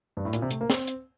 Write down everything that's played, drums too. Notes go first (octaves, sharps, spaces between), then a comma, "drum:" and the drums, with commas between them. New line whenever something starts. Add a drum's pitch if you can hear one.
G2
A2
A#2, drum: hi-hat
C3
A3, drum: hi-hat
A#3
C4, drum: snare
drum: hi-hat